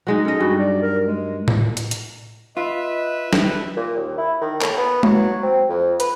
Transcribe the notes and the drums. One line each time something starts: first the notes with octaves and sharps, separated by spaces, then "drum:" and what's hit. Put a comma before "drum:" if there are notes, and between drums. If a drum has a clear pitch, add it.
F#3 G#3 D#4
C#4 A4 D#5
G2 F#3 F#4
D5
A#4
G#3
drum: tom A2
drum: hi-hat
drum: hi-hat
F4 B4 D#5 E5
drum: snare
A#2
D#2
E4
D#3
A2, drum: clap
B3
F#3, drum: tom G#3
C4
F2
B4, drum: hi-hat